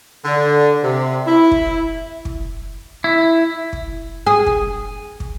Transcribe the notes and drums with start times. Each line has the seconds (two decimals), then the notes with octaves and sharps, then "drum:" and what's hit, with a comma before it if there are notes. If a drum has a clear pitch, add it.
0.25 D3
0.83 C3
1.27 E4
1.51 drum: kick
2.25 drum: kick
3.04 E4
3.73 drum: kick
4.26 G#4
4.46 drum: kick
5.20 drum: kick